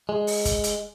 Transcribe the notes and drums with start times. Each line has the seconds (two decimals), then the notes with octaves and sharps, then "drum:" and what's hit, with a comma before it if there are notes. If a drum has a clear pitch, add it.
0.09 G#3
0.27 drum: open hi-hat
0.45 drum: kick, hi-hat
0.64 drum: hi-hat